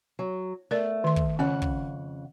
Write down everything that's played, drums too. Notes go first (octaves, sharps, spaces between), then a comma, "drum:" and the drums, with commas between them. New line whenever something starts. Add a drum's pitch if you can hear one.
F#3
A3 A#4 D5
D#3 C6
drum: kick
F2 C#3 C#4 F#5
drum: kick